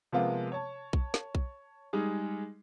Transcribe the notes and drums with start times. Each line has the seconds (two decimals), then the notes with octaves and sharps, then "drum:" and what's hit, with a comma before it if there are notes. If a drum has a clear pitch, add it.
0.12 C3 F3 G#3 A#3 B3 F4
0.52 C#5 A5
0.93 drum: kick B1
1.14 drum: snare
1.35 drum: kick B1
1.93 G3 G#3 D#4 G#4